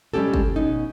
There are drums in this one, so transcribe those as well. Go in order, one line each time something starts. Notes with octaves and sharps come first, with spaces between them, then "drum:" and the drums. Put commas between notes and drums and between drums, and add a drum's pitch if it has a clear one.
G3 G#3 C4 C#4 G4 A4
drum: kick G1
B2 C#4 D#4